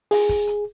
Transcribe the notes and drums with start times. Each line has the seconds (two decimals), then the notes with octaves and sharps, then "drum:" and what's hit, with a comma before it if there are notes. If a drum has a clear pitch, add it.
0.11 G#4, drum: open hi-hat
0.29 drum: kick, hi-hat
0.47 drum: hi-hat